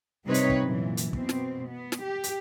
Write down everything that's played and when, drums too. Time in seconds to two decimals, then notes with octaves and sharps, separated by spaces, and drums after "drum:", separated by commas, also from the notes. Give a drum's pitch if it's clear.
0.25 C3 G3 C4 D#4 B4 C#5
0.34 drum: hi-hat
0.50 drum: kick
0.62 F#2 A#2 E3
0.97 drum: hi-hat
1.13 B2 C4, drum: kick
1.29 drum: snare
1.68 B3
1.92 drum: snare
2.01 G4
2.24 drum: hi-hat